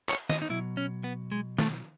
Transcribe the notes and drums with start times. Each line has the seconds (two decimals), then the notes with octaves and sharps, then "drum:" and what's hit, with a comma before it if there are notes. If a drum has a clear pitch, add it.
0.09 C#5, drum: clap
0.29 D#5, drum: snare
0.42 D#4
0.50 B2 F#3 E4
0.77 C#4
1.04 B3
1.32 G#3
1.59 A3, drum: snare